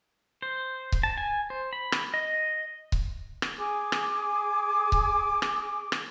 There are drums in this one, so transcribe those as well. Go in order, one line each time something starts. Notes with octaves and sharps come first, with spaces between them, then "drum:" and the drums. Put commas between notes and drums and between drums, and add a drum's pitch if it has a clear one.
C5
drum: kick C#1
A5
G#5
C5
B5
drum: rim click
D#5
drum: kick C#1
drum: rim click
G#4 G#5 D6
drum: rim click
drum: kick C#1
drum: rim click
drum: rim click